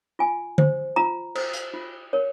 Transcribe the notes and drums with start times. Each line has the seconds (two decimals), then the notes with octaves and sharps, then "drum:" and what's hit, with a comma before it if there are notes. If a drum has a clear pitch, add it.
0.19 F4 G#5
0.58 C5, drum: tom D3
0.96 F4 A#5
1.35 C5, drum: cymbal
1.53 drum: hi-hat
1.74 F4
2.13 A#4 C#5